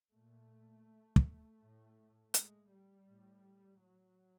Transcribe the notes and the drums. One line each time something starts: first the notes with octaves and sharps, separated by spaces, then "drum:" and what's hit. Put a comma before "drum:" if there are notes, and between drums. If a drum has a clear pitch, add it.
A#2 A3
drum: kick
A2
G#3, drum: hi-hat
G3
A2
F#3